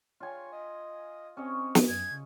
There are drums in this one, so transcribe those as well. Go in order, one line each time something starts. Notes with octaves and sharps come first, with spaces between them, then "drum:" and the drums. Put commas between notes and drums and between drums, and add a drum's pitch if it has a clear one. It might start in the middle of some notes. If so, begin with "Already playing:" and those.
F4 C#5 G#5
D#5
C4 C#4 C#5 D#5
drum: snare
F#2 G#6
C#3